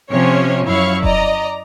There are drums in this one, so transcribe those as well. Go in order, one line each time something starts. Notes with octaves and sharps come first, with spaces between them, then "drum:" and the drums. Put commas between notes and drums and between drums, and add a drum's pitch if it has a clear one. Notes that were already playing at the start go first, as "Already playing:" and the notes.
C3 F3 C#4 C5 C#5 G#5
F#2 E4 C#5 F5 C#6
D5 D#5 A#5, drum: kick E1